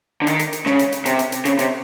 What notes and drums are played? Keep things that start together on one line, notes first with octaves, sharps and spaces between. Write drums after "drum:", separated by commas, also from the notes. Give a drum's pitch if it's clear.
D3
D#3, drum: hi-hat
drum: hi-hat
drum: hi-hat
C#3, drum: snare
drum: hi-hat
drum: hi-hat
C3, drum: hi-hat
drum: hi-hat
drum: hi-hat
C#3, drum: hi-hat
C3, drum: hi-hat